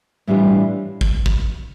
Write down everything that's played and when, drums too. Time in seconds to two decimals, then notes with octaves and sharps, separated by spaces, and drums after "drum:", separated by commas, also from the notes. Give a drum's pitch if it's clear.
0.27 A2 E3 G3 D4 F4
1.01 drum: kick
1.26 drum: kick